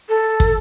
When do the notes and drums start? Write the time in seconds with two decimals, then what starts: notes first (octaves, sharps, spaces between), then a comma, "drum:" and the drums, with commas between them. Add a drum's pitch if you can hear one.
0.09 A4
0.40 drum: kick